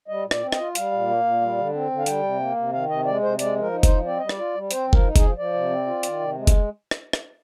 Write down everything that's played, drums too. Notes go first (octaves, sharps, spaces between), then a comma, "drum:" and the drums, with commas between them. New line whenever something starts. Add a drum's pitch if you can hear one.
G3 D#5
A#2
D5, drum: rim click
C4
D#5, drum: rim click
F4
G3 F5, drum: hi-hat
A#2
A#3
A#2
G3
D3
C4
D3
F5
G3 G5, drum: hi-hat
C3
A#3
C3
D#3 F5
C3 D#5
G#3 D5
C3 C5
G#3 D5, drum: hi-hat
F3 A#4
D#4
C5, drum: kick, hi-hat
F3
C4 D5
G3 D#5
D5, drum: rim click
F4
G3
C4 C5, drum: hi-hat
F3
A#4, drum: kick
D#4
G#4, drum: kick, hi-hat
F3
F3 D5
C3
C4
F4
D#3, drum: hi-hat
C3
G#3
drum: kick, hi-hat
drum: rim click
drum: rim click